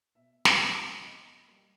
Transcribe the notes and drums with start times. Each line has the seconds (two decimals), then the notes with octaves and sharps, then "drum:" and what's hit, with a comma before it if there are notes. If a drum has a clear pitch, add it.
0.15 B2 E5
0.45 F5, drum: snare
0.60 G3 A#3
0.74 F#5
1.03 B2 D#5
1.47 G3 A#3